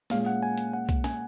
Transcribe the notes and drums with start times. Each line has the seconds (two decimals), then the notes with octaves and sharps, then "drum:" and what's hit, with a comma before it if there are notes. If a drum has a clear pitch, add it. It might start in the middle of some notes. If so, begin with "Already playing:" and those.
0.10 A#2 G#3 C#4 F5, drum: snare
0.26 F#5
0.43 G#5
0.58 drum: hi-hat
0.73 F#5
0.89 drum: kick, hi-hat
1.04 G#5, drum: snare